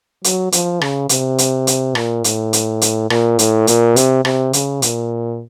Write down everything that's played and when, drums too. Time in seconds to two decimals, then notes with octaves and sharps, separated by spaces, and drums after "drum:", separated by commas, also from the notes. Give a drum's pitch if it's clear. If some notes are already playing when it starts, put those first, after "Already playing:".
0.24 F#3, drum: hi-hat
0.52 F3, drum: hi-hat
0.81 C#3, drum: rim click
1.09 C3, drum: hi-hat
1.38 drum: hi-hat
1.67 drum: hi-hat
1.95 A#2, drum: rim click
2.24 A2, drum: hi-hat
2.53 drum: hi-hat
2.82 drum: hi-hat
3.10 A#2, drum: rim click
3.39 A2, drum: hi-hat
3.67 A#2, drum: hi-hat
3.96 C3, drum: hi-hat
4.25 C3, drum: rim click
4.53 C#3, drum: hi-hat
4.82 A#2, drum: hi-hat